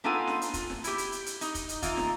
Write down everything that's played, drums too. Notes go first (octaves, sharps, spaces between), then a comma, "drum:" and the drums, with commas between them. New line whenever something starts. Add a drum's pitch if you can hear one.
B3 D4 D#4 F4 A4 G#5
drum: snare
drum: hi-hat
F4, drum: kick, hi-hat
drum: snare
E4 G4, drum: hi-hat
drum: hi-hat
drum: hi-hat
drum: hi-hat
D#4, drum: hi-hat
drum: kick, hi-hat
drum: hi-hat
E3 D#4 F4, drum: kick, hi-hat
drum: snare